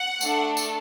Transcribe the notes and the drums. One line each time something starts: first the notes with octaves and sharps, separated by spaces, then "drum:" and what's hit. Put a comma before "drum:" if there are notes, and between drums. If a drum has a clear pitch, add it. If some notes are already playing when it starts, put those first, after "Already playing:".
Already playing: F#5
A3 D4 A4, drum: tambourine
drum: tambourine